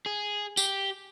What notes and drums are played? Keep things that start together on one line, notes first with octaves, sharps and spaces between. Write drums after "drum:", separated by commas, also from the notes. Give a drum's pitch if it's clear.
G#4
G4, drum: tambourine